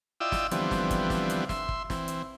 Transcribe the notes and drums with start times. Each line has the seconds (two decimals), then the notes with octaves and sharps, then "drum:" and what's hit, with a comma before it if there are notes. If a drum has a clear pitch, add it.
0.20 E4 F4 D5 D#5 G5 E6
0.32 drum: snare
0.51 D3 E3 F3 G3 B3 C4, drum: hi-hat
0.71 drum: snare
0.91 drum: kick, hi-hat
1.10 drum: snare
1.30 drum: hi-hat
1.49 E5 C6, drum: snare
1.69 drum: kick
1.90 E3 C4, drum: snare
2.08 drum: hi-hat